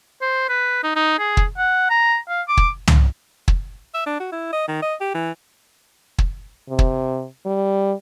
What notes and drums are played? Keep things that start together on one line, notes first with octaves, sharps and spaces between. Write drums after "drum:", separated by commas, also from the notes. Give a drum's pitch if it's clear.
C5
B4
D#4
D#4
G#4
drum: kick
F#5
A#5
F5
D6
drum: kick
drum: tom
drum: kick
E5
D4
F#4
E4
D#5
D#3
D#5
G4
E3
drum: kick
C3
drum: kick
G3